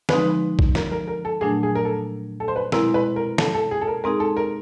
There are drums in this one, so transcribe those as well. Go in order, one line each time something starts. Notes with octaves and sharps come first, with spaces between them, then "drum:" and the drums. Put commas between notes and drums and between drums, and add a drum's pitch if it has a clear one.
D3 F3 G#3 C4 D#4 B4, drum: snare
drum: kick A#1
A#4, drum: snare
A#4
A#4
A4
A#2 F#3 A3 D4 G#4
G#4
A#4
A4
A4
C5
B4
B2 G#3 C4 E4 A#4, drum: snare
B4
A#4
A4, drum: snare
A4
G#4
A4
A#4
G#3 C4 D#4 G#4 A#4
A4
A#4